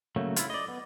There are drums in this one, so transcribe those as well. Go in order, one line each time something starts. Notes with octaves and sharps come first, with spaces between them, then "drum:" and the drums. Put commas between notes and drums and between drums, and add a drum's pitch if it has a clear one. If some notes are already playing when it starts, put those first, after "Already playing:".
C#3 F#3 A3 A#3
E4 F4, drum: hi-hat
D5 D#5
B3